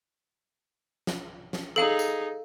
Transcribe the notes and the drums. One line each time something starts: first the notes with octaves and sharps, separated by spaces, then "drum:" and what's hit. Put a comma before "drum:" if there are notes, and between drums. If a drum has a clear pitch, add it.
drum: snare
drum: snare
D#4 G#4 A4 F5 F#7
drum: tambourine